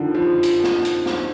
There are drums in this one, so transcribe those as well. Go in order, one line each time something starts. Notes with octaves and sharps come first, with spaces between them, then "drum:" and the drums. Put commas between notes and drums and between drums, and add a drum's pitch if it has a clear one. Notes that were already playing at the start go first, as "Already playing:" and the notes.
Already playing: D3 D#3 F3
F3
drum: hi-hat
drum: snare
drum: hi-hat
drum: snare